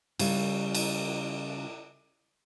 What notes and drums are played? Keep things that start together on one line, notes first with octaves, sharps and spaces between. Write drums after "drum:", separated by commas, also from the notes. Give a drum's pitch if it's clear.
C#3 G3, drum: cymbal
drum: cymbal